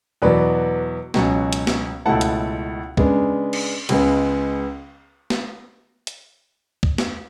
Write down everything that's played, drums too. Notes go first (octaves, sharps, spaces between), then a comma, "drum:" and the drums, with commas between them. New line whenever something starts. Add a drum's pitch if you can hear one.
E2 B2 F#3 B3 B4 D5
C#2 B2 F#3 C#4, drum: snare
drum: hi-hat
drum: snare
C#2 B2 A3 E4 F#5 A5
drum: hi-hat
C#3 G#3 B3 D4, drum: kick
drum: cymbal
C#2 C#3 G#3 B3, drum: cymbal
drum: snare
drum: hi-hat
drum: kick
drum: snare